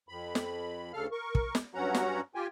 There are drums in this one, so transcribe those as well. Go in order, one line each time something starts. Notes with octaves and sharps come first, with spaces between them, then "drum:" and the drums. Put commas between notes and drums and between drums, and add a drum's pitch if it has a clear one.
F2 B5
drum: snare
D2 C#3 A4 F5 F6
A#4 C#6
drum: kick
drum: snare
G2 F#3 C#4 F#4 F#5 A#5
drum: snare
F4 G4 G5 G#5